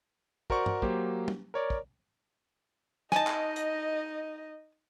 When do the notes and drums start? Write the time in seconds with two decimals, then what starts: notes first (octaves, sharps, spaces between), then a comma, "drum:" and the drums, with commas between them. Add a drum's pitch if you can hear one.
0.50 F#4 A#4 C5 D5 F#5 C#6, drum: kick
0.66 drum: tom
0.82 F#3 A#3 G4 C5, drum: kick
1.28 drum: tom
1.54 A#4 C#5 D5
1.70 drum: kick
3.12 D#4 D#5 G#5 A5, drum: snare
3.27 drum: clap
3.56 drum: hi-hat